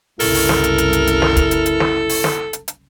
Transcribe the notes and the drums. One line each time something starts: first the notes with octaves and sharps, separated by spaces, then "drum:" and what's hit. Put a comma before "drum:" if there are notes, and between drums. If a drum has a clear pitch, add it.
F#1 C2 C#3 E4 A4 A#4, drum: open hi-hat
drum: open hi-hat
drum: snare
drum: hi-hat
drum: hi-hat
drum: hi-hat
drum: hi-hat
drum: snare
drum: kick, hi-hat
drum: hi-hat
drum: hi-hat
drum: snare
drum: open hi-hat
drum: snare
drum: hi-hat
drum: hi-hat